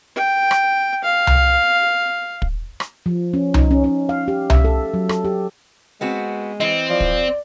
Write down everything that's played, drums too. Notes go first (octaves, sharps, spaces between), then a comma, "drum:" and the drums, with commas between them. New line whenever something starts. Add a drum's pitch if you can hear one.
G5
drum: rim click
F5
drum: tom C2
drum: kick
drum: rim click
F3
C#4
D#4, drum: tom C2
C#4
C#4
F5
G4
E5, drum: tom C2
A4
F#3
A4, drum: rim click
G4
G#3 B3 C4 F#4
E3 C4 D#5
F3 D5
drum: kick